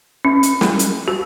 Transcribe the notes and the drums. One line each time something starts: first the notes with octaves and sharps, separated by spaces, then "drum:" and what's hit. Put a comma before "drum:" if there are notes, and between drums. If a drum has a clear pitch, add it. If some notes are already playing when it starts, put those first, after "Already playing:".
C#4
drum: hi-hat
drum: snare
drum: hi-hat
F#4